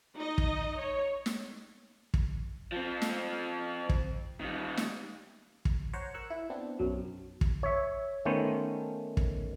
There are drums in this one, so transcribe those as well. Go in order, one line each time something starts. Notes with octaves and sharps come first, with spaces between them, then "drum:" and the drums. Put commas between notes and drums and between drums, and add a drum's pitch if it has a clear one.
D#4 D#5
drum: kick
C#5
drum: snare
drum: kick
F3 C4
drum: snare
drum: kick
D#3 G3
drum: snare
drum: kick
C5 C#5 F#5 A#5
A#4 C#6 E6 F#6
E4
B3 C4 D4
B1 F#2 F#3
drum: kick
C#5 E5
D#3 A3 B3 C#4 C5
drum: kick